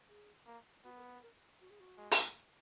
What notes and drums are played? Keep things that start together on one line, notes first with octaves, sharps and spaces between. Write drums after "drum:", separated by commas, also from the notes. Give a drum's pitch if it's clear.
G#4
A#3
B3 F#4
A#4
B4
A#4
F#4
G#4
F#4
G#3
drum: open hi-hat